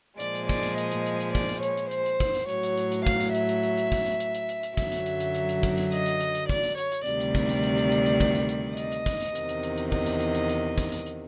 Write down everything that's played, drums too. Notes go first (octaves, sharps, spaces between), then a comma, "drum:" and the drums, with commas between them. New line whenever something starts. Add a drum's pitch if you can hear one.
A#2 F3 G#3 D5, drum: hi-hat
drum: hi-hat
D5, drum: kick, hi-hat
drum: hi-hat
D#5, drum: hi-hat
drum: hi-hat
drum: hi-hat
drum: hi-hat
D5, drum: kick, hi-hat
drum: hi-hat
C#5, drum: hi-hat
drum: hi-hat
C5, drum: hi-hat
drum: hi-hat
drum: kick, hi-hat
drum: hi-hat
A2 F#3 C#5, drum: hi-hat
drum: hi-hat
drum: hi-hat
drum: hi-hat
F5, drum: kick, hi-hat
drum: hi-hat
E5, drum: hi-hat
drum: hi-hat
drum: hi-hat
drum: hi-hat
drum: kick, hi-hat
drum: hi-hat
drum: hi-hat
drum: hi-hat
drum: hi-hat
drum: hi-hat
F#2 D3 F#3 E5, drum: kick, hi-hat
drum: hi-hat
drum: hi-hat
drum: hi-hat
drum: hi-hat
drum: hi-hat
drum: kick, hi-hat
drum: hi-hat
D#5, drum: hi-hat
drum: hi-hat
drum: hi-hat
drum: hi-hat
D5, drum: kick, hi-hat
drum: hi-hat
C#5, drum: hi-hat
drum: hi-hat
D2 C3 D#3 G3 D5, drum: hi-hat
drum: hi-hat
drum: kick, hi-hat
drum: hi-hat
drum: hi-hat
drum: hi-hat
drum: hi-hat
drum: hi-hat
drum: kick, hi-hat
drum: hi-hat
drum: hi-hat
D#5, drum: hi-hat
drum: hi-hat
drum: kick, hi-hat
drum: hi-hat
E2 C3 D#3, drum: hi-hat
drum: hi-hat
drum: hi-hat
drum: hi-hat
D#5, drum: kick
drum: hi-hat
drum: hi-hat
drum: hi-hat
drum: hi-hat
drum: kick, hi-hat
drum: hi-hat
drum: hi-hat